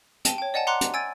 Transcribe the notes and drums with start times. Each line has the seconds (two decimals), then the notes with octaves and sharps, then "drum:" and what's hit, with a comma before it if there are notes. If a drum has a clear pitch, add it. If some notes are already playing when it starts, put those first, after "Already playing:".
0.25 G5 A5 D#7 G7, drum: hi-hat
0.38 C#5 G5
0.54 D5 D#5 F#5 G#5 A5
0.67 F#5 A#5 C6 D6 F#6 C#7
0.81 drum: hi-hat
0.94 G#5 E6 G#6 A6 D7 D#7